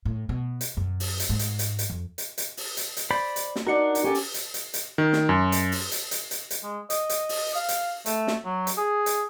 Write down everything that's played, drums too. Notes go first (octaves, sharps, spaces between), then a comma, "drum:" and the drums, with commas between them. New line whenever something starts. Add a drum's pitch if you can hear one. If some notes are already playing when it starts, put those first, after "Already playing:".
A2
B2
drum: hi-hat
F#2
drum: open hi-hat
drum: hi-hat
G#2
drum: hi-hat
drum: hi-hat
drum: hi-hat
F2
drum: hi-hat
drum: hi-hat
drum: open hi-hat
drum: hi-hat
drum: hi-hat
C5 D5 B5
drum: hi-hat
drum: snare
D4 D#4 F#4 A#4 F#5
drum: hi-hat
C#4 G4 A4
drum: open hi-hat
drum: hi-hat
drum: hi-hat
drum: hi-hat
D#3
drum: snare
F#2
drum: hi-hat
drum: open hi-hat
drum: hi-hat
drum: hi-hat
drum: hi-hat
drum: hi-hat
G#3
D#5, drum: hi-hat
drum: hi-hat
drum: open hi-hat
F5
drum: hi-hat
A3, drum: hi-hat
drum: snare
F#3
drum: hi-hat
G#4
drum: hi-hat